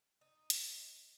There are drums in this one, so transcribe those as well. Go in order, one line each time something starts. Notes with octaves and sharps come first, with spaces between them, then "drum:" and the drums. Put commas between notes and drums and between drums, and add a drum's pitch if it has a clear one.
D#4
drum: hi-hat